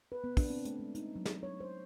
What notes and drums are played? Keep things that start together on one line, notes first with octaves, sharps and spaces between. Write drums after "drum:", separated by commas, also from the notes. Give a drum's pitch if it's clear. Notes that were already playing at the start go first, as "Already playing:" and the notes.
B4
B3
D4, drum: kick, open hi-hat
C4
A3, drum: hi-hat
G#3
D#4, drum: hi-hat
F#3
drum: snare
C#5
C5